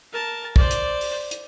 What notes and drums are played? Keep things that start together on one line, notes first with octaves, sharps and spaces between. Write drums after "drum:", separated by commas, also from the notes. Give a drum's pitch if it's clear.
A#4 A5
C5 D5, drum: kick
drum: hi-hat
drum: open hi-hat
drum: hi-hat